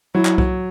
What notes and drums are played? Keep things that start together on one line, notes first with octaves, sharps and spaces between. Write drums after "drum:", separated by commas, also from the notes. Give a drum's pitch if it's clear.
F#3 E4
drum: clap
F#3, drum: kick C2